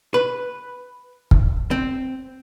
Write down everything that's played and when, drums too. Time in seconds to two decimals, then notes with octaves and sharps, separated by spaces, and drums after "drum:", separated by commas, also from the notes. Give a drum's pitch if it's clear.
0.14 B4
1.31 drum: kick
1.71 C4